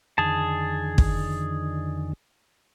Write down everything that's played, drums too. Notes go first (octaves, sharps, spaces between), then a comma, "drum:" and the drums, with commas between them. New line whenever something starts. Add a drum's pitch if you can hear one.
F2 D3 D#3 G#4 A5
drum: kick